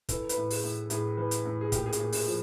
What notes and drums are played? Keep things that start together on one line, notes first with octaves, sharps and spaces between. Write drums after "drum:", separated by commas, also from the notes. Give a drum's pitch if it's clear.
E3 A4, drum: kick, hi-hat
B4, drum: hi-hat
A2
G#4, drum: open hi-hat
A2
A2 G#4, drum: hi-hat
E3
drum: hi-hat
A2
G#4
A#2 G4, drum: kick, hi-hat
G#4
G4, drum: hi-hat
A#2
G#4, drum: open hi-hat
F3